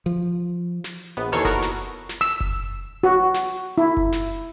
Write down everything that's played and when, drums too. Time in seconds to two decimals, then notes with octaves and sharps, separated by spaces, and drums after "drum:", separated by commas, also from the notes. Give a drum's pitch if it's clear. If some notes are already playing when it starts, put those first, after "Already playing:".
0.06 F3
0.84 drum: snare
1.17 A#1 B3
1.32 D#2 D#3 E3 A4 C#5 C7
1.45 B3 F#4 A#4, drum: kick F#1
1.62 drum: snare
2.09 drum: snare
2.21 E6
2.40 drum: kick F#1
3.03 F#4
3.34 drum: snare
3.78 E4
3.97 drum: kick F#1
4.12 drum: snare